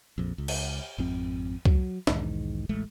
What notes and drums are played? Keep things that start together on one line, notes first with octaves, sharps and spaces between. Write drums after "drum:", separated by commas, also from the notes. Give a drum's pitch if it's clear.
A#1 F2
C#2
drum: cymbal
G#1 F2 C4
F#3, drum: kick
B1 E2 G#2 D#3, drum: snare
D1 A1 G#3 A3